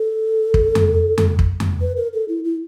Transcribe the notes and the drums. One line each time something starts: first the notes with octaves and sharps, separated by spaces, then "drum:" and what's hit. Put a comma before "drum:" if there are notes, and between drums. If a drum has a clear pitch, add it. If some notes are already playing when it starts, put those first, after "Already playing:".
Already playing: A4
drum: kick
drum: tom F2
drum: tom F2
drum: kick
drum: tom F2
B4
A#4
A4
E4
E4